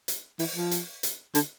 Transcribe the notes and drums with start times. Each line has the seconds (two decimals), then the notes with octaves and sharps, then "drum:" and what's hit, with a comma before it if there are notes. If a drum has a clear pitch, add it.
0.08 drum: hi-hat
0.39 E3, drum: open hi-hat
0.56 F3
0.71 drum: hi-hat
1.03 drum: hi-hat
1.35 D3, drum: hi-hat